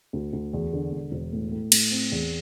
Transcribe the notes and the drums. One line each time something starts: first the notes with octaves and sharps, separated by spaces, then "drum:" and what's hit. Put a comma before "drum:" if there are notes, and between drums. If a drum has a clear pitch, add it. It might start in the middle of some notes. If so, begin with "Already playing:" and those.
D2
D2
E2
D3
E1
E1
A2
A2
A2, drum: cymbal
C4
E2